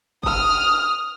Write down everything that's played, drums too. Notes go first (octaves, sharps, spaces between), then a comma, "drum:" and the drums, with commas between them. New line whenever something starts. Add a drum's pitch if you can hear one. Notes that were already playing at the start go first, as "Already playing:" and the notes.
D#6 F6, drum: kick G1